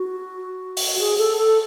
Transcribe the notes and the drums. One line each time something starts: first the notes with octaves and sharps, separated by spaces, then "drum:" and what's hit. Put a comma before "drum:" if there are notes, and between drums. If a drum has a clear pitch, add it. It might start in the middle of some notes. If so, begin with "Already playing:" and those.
Already playing: F#4
drum: open hi-hat
G#4
A4
A4